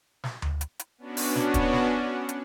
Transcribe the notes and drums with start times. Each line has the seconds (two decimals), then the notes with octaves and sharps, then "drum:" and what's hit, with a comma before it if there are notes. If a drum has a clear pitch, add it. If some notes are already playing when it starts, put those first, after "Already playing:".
0.24 drum: snare
0.42 drum: tom D2
0.61 drum: hi-hat
0.79 drum: hi-hat
0.98 B3 C#4 D4 F#4
1.17 drum: open hi-hat
1.35 drum: snare
1.54 drum: kick, hi-hat
1.73 drum: snare
2.29 drum: hi-hat